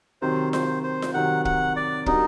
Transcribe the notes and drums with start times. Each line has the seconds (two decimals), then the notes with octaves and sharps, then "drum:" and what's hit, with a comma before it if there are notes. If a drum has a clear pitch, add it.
0.22 C3 D#3 F#3 C4 C5
0.53 C5, drum: snare F4
0.83 C5
1.02 drum: snare F4
1.14 C3 D#3 F#3 C4 F#5
1.45 F#5, drum: kick
1.76 D5
2.06 G3 D4 D#4 F#4 A#4, drum: kick